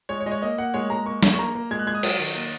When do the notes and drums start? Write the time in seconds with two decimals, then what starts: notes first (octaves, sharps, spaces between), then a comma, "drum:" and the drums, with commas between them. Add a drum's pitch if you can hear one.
0.09 G#3 C#5
0.20 C#5
0.26 G#3 D#5
0.31 C#5
0.42 A#3 D#5
0.58 A#3 F#5
0.74 G#3 C#5
0.90 G#3 A#5
1.06 A#3 C#6
1.23 A#3, drum: snare
1.34 C#6
1.38 A#3 A#5
1.55 A#3
1.71 G#3 G#6
1.79 F#6
1.87 G#3 G#6
1.95 D#6
2.03 F#3, drum: cymbal
2.19 D#3
2.35 A#3